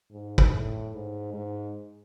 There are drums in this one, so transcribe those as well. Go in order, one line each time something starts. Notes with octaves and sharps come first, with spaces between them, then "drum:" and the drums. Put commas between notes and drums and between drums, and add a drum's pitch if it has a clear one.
G#2
drum: kick
A2
G#2
G#2